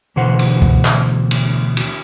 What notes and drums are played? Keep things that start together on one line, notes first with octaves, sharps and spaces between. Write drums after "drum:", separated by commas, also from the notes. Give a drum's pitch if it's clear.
D2 B2 E3 C5 F#5
drum: cymbal
drum: kick C#2
drum: clap
drum: cymbal
drum: cymbal